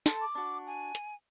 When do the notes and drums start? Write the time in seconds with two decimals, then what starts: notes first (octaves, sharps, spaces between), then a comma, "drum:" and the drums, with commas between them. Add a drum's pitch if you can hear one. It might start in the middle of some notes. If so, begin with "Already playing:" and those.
0.06 A4 A5 C6, drum: snare
0.21 D6
0.35 D4 F#4
0.67 G#5
0.95 drum: hi-hat